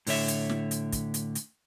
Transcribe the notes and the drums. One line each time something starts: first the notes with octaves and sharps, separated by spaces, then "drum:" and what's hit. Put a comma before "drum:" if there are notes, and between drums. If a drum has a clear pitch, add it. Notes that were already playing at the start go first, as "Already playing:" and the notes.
A2 D3 C#5 E5, drum: open hi-hat
drum: hi-hat
drum: snare
drum: hi-hat
drum: kick, hi-hat
drum: hi-hat
drum: hi-hat